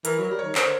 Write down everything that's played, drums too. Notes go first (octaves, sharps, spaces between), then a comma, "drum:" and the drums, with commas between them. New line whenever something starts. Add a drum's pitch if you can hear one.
E3 A#4, drum: hi-hat
F#3
G3
D#3 C#5
D3 C5, drum: clap